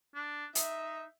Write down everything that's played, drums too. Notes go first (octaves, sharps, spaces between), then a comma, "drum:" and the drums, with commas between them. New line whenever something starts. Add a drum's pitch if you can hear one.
D4
D#4 E5, drum: hi-hat